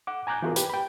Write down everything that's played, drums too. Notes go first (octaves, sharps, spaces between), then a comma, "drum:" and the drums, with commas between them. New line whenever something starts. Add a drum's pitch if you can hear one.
F#5 D6
G#5 A#5 D6 F#6 G6
E3 B3 F4 F#4 G#4 A#4
G4 B4, drum: hi-hat
G5 B5